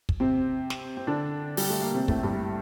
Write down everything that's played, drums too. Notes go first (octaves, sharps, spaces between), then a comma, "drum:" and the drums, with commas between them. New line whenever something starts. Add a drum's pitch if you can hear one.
drum: kick
C3 C4
drum: snare
C4
D3 D4
G3, drum: open hi-hat
A3
A#3
C3 C4
A2 A3, drum: kick
G2 G3